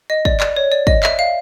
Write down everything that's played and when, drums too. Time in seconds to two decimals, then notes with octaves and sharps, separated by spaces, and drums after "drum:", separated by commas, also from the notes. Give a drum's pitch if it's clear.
0.10 D#5
0.25 D5, drum: kick
0.40 D5, drum: clap
0.56 C#5
0.72 D5
0.87 D#5, drum: kick
1.03 E5, drum: clap
1.19 F5